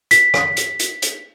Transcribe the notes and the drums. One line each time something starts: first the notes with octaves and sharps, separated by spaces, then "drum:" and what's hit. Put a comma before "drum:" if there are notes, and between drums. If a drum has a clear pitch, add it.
B6, drum: hi-hat
drum: rim click
drum: hi-hat
drum: hi-hat
drum: hi-hat